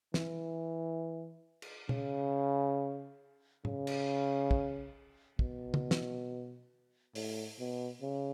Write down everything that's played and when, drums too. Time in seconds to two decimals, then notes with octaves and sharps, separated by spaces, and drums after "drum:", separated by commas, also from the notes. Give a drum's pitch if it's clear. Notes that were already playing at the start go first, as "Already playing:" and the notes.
0.14 E3, drum: snare
1.62 drum: cymbal
1.89 C#3, drum: tom B2
3.65 C#3, drum: tom
3.87 drum: cymbal
4.51 drum: kick
5.39 B2, drum: kick
5.74 drum: tom
5.91 drum: snare
7.15 A2, drum: open hi-hat
7.59 B2
8.02 C#3